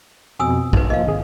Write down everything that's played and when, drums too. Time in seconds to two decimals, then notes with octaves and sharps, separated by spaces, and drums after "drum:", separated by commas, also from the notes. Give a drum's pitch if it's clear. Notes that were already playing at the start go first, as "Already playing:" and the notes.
0.39 F2 B2 G#5 D#6 E6
0.73 D#4 B4, drum: kick
0.90 F3 A#3 D#5 F5
1.07 G#1 G#4